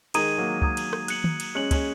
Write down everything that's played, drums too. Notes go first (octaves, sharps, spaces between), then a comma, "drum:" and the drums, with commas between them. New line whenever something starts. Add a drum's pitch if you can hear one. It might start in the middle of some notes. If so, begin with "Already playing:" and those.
D#3 G#3 A#5 D#6 G#6 D#7, drum: cymbal
F#3 A#3
A#5 D#6 G#6 D#7, drum: kick
drum: cymbal
drum: rim click
F#6 C#7 F#7, drum: cymbal
drum: tom D#3
drum: cymbal
G#3 C#4 F#6 C#7 F#7
G#3 C#4, drum: kick, cymbal